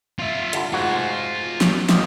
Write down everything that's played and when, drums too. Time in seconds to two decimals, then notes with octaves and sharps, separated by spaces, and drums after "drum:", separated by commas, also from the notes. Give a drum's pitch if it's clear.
0.19 F4 E5
0.53 D3 G3, drum: hi-hat
0.73 G#2 F4 F#4 G#5
1.61 drum: snare
1.89 F4 G4 D#5, drum: snare